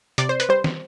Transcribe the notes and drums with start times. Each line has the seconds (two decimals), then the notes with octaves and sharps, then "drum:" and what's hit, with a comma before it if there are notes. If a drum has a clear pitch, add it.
0.18 C3 D5, drum: hi-hat
0.29 C5
0.40 B4, drum: hi-hat
0.49 G3 C5
0.64 drum: snare